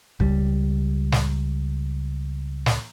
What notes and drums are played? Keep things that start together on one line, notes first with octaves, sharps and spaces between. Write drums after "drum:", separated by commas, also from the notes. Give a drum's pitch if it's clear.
C#2 G3, drum: kick
drum: snare
drum: snare